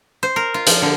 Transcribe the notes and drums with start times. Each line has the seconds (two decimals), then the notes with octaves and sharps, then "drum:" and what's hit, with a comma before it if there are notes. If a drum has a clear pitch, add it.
0.23 C5
0.36 A#4
0.54 F4
0.67 F3, drum: hi-hat
0.82 D3